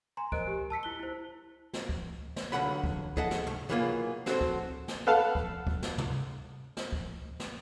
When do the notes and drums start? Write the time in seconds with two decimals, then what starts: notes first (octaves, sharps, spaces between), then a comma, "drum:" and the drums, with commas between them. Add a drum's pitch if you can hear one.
0.17 G#5 A#5 C6
0.32 A#4 C5 D#5 F#6 D7, drum: kick C#2
0.47 G4
0.70 A5 E6 B6 C#7
0.83 E4 F#6 G7
0.99 E4 C5
1.73 drum: snare
1.89 drum: kick C#2
2.36 drum: snare
2.52 C#2 F#2 D3 F#3 F#5 B5
2.84 drum: kick C#2
3.17 G#4 A4 D#5 E5 F#5 A5, drum: kick C#2
3.31 drum: snare
3.46 drum: tom
3.69 B2 E3 F#3 A#3 F4 G#4
4.26 C4 F#4 G4 A4 C5, drum: snare
4.41 drum: kick C#2
4.88 drum: snare
5.07 A4 B4 F5 F#5 A5
5.35 drum: kick C#2
5.67 drum: kick C#2
5.82 drum: snare
5.98 drum: tom
6.77 drum: snare
6.92 drum: kick C#2
7.40 drum: snare